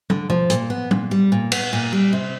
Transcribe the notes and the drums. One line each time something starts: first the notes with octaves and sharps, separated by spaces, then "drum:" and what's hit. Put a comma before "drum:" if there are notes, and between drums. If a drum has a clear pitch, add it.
D3, drum: tom
F3, drum: tom
A#2, drum: hi-hat
B3
A#2, drum: tom
G3
A#2
B3, drum: cymbal
A#2
G3
C3